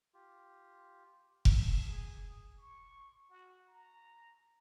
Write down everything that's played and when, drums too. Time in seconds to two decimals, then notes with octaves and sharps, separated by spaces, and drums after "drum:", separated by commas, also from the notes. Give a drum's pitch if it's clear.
0.14 F4 G4
1.45 drum: kick F1
1.86 G#4
2.58 C#6
3.30 F#4
3.68 A#5